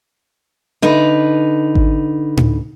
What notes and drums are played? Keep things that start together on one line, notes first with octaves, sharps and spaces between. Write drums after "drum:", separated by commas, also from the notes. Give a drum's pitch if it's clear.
D3 D#4 B4
drum: kick G#1
drum: tom A2